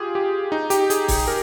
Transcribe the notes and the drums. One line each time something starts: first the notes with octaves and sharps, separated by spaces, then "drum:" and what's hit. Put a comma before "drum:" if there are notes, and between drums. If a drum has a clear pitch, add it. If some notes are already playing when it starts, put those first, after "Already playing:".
Already playing: F4 G4 G#4
G4
D#4
G4, drum: hi-hat
G#4, drum: hi-hat
drum: kick, open hi-hat
A#4